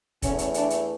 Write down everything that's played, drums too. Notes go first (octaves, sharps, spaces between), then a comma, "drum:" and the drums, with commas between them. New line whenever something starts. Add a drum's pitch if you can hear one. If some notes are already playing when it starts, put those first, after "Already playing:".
E2 E3 A3 C#4, drum: kick, hi-hat
drum: hi-hat
D4, drum: hi-hat
drum: hi-hat